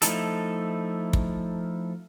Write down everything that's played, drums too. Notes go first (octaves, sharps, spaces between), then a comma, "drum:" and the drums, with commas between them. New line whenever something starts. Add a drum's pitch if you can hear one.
F3 A3 D#4 E4 A4, drum: hi-hat
drum: kick